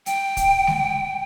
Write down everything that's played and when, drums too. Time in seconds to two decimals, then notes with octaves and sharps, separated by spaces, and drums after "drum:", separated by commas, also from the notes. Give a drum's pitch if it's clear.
0.06 G5, drum: hi-hat
0.37 drum: kick, hi-hat
0.67 drum: snare G#3